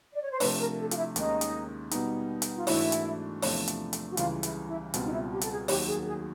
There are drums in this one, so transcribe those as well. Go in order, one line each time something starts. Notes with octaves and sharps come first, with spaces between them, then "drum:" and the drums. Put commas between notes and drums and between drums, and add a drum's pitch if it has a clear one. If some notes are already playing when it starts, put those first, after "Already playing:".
D5
C#5
C5
C3 F3 A3 D4 B4, drum: open hi-hat
A#4
A4
F4, drum: hi-hat
E4
D#2 D#3 G#3 C#4 D#4, drum: hi-hat
drum: hi-hat
B2 G3 B3 D#4, drum: hi-hat
drum: hi-hat
F4
G#2 E3 A3 D4 E4 F#4, drum: open hi-hat
drum: hi-hat
E2 C3 F3 A3 D4, drum: open hi-hat
drum: hi-hat
drum: hi-hat
F#4
C#2 C#3 E3 G3 F4, drum: hi-hat
E4, drum: hi-hat
E4
C#2 B2 G3 C4 F4, drum: hi-hat
D#4
E4
G4
A4, drum: hi-hat
G#4
D#2 D#3 F#3 G4, drum: open hi-hat
G#4
G#4